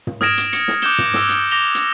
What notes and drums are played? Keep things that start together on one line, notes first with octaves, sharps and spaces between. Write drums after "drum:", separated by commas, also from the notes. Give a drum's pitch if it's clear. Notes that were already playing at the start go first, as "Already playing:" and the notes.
drum: tom
D#6 F6 G#6 A#6 D7 E7, drum: snare
drum: hi-hat
C#7, drum: hi-hat
drum: snare
D6 F#6 G6 E7 G7, drum: hi-hat
drum: tom
D6 E6, drum: snare
drum: hi-hat
D6 A#6 F7 G7
drum: hi-hat